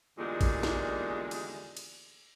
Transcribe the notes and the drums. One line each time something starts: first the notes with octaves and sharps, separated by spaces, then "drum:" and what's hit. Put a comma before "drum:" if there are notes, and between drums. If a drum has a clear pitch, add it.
E2 A#2 D3 D#3 G3 G#3
drum: kick, cymbal
drum: snare
drum: cymbal
drum: cymbal